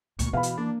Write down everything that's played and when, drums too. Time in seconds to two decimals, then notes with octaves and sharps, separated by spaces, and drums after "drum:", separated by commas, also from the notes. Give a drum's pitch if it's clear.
0.19 D2 A#2 C#6, drum: hi-hat
0.33 B2 E3 F5 B5
0.43 drum: hi-hat
0.58 A#3 D4